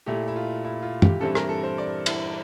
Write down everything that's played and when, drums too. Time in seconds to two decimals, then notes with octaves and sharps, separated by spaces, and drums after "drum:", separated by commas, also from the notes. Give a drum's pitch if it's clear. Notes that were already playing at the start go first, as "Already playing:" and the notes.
0.06 A#2 A3 E4 G4
0.28 E4
0.36 F4
0.65 E4
0.82 F4
1.02 G4, drum: tom
1.21 G2 E3 G3 C4 E4 A4
1.35 A#4, drum: rim click
1.49 A4
1.63 C5
1.78 D5
2.06 E4, drum: cymbal